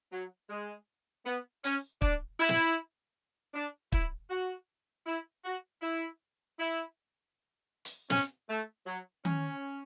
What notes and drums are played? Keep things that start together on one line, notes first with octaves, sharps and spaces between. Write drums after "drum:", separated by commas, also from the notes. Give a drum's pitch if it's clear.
F#3
G#3
B3
C#4, drum: hi-hat
D4, drum: kick
E4
drum: snare
D4
E4, drum: kick
F#4
E4
F#4
E4
E4
drum: hi-hat
C#4, drum: snare
A3
F#3
C#4, drum: tom D#3